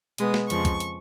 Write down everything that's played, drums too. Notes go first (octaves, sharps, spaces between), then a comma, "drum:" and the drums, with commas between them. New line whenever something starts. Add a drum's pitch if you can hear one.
B2 G#3 B3 D#6, drum: hi-hat
drum: snare
F2 C#3 F3 G#3 C#6, drum: hi-hat
drum: kick, hi-hat
drum: hi-hat